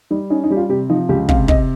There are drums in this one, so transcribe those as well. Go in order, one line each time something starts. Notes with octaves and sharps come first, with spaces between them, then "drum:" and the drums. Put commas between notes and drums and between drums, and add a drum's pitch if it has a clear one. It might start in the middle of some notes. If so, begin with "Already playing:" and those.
G3 D#4
C#4 D#4
D#4
G3 G4
F4
C3 G4
F3 D#4
C#2 G4
C3 F5, drum: kick
C3 D#5, drum: kick